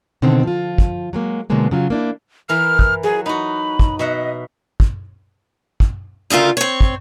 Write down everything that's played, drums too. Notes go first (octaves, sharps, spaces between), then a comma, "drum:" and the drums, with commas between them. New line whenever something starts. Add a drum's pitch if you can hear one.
B2 D3 D#3 C4
F3 F4
drum: kick
F#3 G#3 A#3
B2 D3 F3 F#3 G#3 A#3
C#3 F#3 F4
A#3 D4 E4
E3 A#4 F6
drum: kick
F#3 G#4
D#4 F#4 B5
drum: kick
B2 D#5 E5 F#5
drum: kick
drum: kick
D2 C#3 A3 F4 A#4
C4 C#5
drum: kick